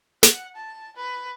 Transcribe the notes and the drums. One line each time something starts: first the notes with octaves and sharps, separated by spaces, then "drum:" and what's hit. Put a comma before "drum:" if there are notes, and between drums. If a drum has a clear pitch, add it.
F#5, drum: snare
A5
B4